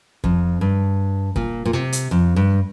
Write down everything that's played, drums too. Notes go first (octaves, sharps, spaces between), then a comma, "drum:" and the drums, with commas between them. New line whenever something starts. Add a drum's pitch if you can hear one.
F2, drum: kick
G2
A#2, drum: kick
A#2
C3
drum: hi-hat
F2
G2